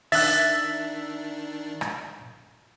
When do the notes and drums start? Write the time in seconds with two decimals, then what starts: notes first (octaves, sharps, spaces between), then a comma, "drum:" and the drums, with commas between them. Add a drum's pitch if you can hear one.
0.12 D#3 D4 E5 F#6 A6, drum: open hi-hat
1.81 drum: rim click